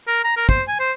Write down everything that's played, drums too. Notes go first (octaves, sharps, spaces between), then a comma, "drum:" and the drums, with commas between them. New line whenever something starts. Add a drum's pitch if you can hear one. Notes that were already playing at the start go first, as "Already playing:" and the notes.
A#4
A#5
A#4
C5, drum: kick
G#5
C5